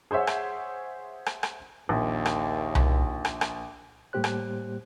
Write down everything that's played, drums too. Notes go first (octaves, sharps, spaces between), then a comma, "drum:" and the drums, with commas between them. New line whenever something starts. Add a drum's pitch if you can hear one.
G#4 C5 C#5 E5 F#5
drum: rim click
drum: rim click
drum: rim click
A#1 D#2
drum: rim click
drum: tom C2
drum: rim click
drum: rim click
A2 G3 A#3 G4 C5 F#6
drum: rim click